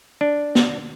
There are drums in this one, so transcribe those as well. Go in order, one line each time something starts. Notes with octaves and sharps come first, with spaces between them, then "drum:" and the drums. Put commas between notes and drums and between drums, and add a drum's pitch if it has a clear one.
D4
drum: snare